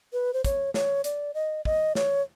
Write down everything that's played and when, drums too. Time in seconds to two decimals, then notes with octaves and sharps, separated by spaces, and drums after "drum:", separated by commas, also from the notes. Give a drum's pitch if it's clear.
0.13 B4
0.34 C5
0.44 C#5, drum: kick, hi-hat
0.74 C#5, drum: snare
1.04 D5, drum: hi-hat
1.34 D#5
1.65 D#5, drum: kick
1.95 C#5, drum: snare